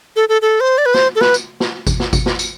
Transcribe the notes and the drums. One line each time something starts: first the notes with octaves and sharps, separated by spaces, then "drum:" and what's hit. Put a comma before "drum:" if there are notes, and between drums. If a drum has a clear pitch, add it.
A4
A4
A4
C5
D5
B4
C5, drum: snare
A4
B4, drum: snare
drum: tambourine
drum: snare
drum: kick G#1, tambourine
drum: snare
drum: kick G#1, tambourine
drum: snare
drum: tambourine